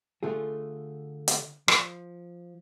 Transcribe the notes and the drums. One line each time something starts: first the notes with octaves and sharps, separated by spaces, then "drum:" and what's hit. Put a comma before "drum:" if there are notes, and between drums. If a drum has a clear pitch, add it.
D3 A3 F4 G#4
drum: hi-hat
F3, drum: rim click